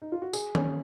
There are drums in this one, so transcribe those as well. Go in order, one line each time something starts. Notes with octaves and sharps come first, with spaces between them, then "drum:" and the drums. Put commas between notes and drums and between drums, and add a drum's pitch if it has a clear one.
D#4
F4
F#4
G#4, drum: tambourine
C#4, drum: tom D#3